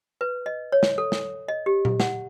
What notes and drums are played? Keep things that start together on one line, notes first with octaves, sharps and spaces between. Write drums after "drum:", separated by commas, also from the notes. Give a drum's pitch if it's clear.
B4
D#5
C#5
drum: snare
A4
drum: snare
D#5
G4
drum: tom A#2
F#5, drum: snare